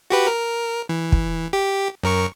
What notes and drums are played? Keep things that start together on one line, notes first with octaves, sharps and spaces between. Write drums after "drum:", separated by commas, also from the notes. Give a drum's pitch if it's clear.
F#4 G4 B4
A#4
E3
drum: kick
G4
F#2 A#4 C#6